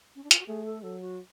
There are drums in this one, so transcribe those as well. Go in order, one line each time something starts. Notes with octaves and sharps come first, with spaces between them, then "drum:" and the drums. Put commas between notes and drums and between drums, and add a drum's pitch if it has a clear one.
C#4
D4
F4, drum: hi-hat
F#4
A3 G#4
A4
F#3 A4
F#4